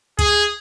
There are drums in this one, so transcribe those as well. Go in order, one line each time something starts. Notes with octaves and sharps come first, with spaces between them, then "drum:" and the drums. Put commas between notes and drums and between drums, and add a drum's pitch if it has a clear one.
G#4, drum: kick, hi-hat